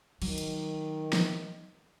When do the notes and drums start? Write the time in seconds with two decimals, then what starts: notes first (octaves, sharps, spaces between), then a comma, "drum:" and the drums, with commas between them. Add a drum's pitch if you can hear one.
0.22 D#3 F#3, drum: cymbal
0.38 drum: hi-hat
1.13 drum: snare F3